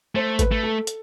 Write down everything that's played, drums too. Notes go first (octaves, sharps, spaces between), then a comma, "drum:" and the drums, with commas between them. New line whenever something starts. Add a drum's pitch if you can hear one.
A3 C5
B4, drum: kick G#1, hi-hat
A3
A4
drum: hi-hat